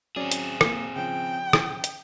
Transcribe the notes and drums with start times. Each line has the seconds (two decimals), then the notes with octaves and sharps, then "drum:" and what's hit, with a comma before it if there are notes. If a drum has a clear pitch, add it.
0.16 F#3 C4 C#4 G#4 D5
0.31 drum: hi-hat
0.61 A#3 D#6, drum: rim click
0.96 C#3 F3 G5
1.53 drum: rim click
1.84 drum: hi-hat